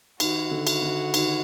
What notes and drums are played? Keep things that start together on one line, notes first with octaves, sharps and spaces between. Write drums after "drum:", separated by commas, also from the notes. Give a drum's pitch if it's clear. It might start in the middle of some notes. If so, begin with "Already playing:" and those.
D#3 F#4, drum: cymbal
D3
F#4, drum: cymbal
D3
D#3, drum: cymbal